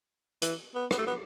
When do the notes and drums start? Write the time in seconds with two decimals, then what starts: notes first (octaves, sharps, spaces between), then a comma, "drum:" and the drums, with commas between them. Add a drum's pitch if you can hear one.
0.42 E3, drum: hi-hat
0.74 B3
0.91 B3, drum: rim click
0.98 A3
1.06 B3